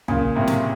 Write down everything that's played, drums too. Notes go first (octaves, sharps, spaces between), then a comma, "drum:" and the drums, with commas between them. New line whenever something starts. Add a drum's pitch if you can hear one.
A#2 C#3, drum: tom
A2 C3
drum: snare